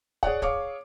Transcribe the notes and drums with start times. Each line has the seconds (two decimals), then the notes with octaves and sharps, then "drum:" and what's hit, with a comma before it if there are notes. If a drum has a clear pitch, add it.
0.23 G#4 C#5 D5 F#5, drum: kick
0.42 G#4 C#5 F5 D6, drum: kick